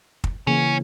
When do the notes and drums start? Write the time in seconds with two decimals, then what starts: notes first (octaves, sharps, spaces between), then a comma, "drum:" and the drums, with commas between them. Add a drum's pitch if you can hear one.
0.24 drum: kick
0.47 C#3 E3 A#3 C#4